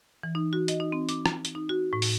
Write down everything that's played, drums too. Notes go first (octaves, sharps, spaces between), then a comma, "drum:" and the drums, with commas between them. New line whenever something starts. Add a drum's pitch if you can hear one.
E3
D#4
F#4
D#5, drum: hi-hat
D#4
C4
D6, drum: hi-hat
drum: rim click
drum: hi-hat
D#4
F#4
A2
drum: open hi-hat